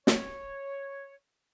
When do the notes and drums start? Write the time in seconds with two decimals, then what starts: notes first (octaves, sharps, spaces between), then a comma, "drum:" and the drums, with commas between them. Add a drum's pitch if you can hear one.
0.07 C#5, drum: snare